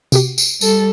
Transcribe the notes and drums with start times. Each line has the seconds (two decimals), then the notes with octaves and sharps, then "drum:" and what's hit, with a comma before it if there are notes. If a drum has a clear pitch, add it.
0.12 C3 F#4 G4, drum: tambourine
0.38 drum: tambourine
0.61 G3 A4, drum: tambourine